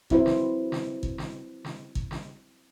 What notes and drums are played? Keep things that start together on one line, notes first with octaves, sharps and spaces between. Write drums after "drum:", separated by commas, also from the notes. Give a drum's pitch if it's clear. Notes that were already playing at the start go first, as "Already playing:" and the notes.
F#3 C4 E4 B4 C5, drum: kick
drum: snare
drum: snare
drum: kick
drum: snare
drum: snare
drum: kick
drum: snare